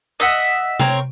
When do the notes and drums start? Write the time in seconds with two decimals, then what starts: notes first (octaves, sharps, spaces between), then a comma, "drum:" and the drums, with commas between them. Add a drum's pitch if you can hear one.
0.20 D#5 E5 F#5
0.80 C4 A#4 C#5, drum: tom C3